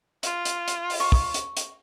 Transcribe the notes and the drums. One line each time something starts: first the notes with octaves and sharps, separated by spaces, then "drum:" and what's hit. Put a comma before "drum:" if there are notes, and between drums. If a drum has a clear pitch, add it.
F4, drum: hi-hat
drum: hi-hat
drum: hi-hat
drum: open hi-hat
C#6
drum: kick
drum: hi-hat
drum: hi-hat